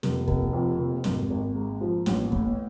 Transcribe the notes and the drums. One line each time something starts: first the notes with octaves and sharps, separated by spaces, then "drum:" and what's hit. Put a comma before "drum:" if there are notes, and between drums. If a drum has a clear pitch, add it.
F1, drum: snare
F1, drum: kick
F2
F1
G#1, drum: snare
G#1
G#2
F3
A1, drum: snare
A2, drum: kick